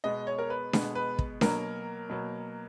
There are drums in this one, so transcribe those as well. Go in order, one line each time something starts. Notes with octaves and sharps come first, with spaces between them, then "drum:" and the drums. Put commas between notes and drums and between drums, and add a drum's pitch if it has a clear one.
B2 G#3 B3 D#5
C#5
A#4
B4
B2 G#3 B3, drum: snare D4
B4
drum: kick
B2 F#3 A#3 A#4, drum: snare D4
B2 F#3 A#3